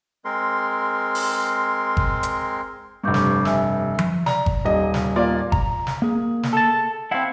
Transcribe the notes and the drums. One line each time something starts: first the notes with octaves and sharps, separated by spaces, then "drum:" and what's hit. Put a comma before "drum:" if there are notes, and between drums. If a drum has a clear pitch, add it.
G#3 C4 A#4 C6
drum: open hi-hat
drum: kick G1
drum: hi-hat
F1 G2 C#6 D6 G6
drum: snare
E5 G#5 E6, drum: snare
drum: tom F3
D5 A#5, drum: snare
drum: kick G1
D#1 D#5
drum: snare
A#3 F4 D5
A#5, drum: kick G1
drum: snare
A#3 G#4
drum: snare
A4 A5
C4 E4 F5 F#5